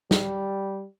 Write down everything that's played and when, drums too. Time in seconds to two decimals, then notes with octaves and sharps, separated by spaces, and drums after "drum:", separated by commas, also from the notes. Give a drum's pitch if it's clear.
0.11 G3, drum: snare